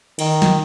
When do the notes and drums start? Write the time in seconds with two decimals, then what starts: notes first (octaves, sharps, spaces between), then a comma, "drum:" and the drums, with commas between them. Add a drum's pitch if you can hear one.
0.19 D#3, drum: cymbal
0.42 drum: snare